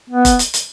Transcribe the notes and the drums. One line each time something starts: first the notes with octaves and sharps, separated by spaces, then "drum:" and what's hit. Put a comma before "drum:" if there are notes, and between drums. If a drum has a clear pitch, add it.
B3
drum: kick F1, hi-hat
drum: hi-hat
drum: hi-hat